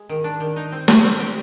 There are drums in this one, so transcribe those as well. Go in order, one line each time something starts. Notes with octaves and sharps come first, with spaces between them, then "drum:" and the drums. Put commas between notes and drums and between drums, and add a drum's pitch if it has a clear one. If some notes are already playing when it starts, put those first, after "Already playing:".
Already playing: G#3
D#3
D4
D#3
D#4
C4
C4, drum: snare
C4
G4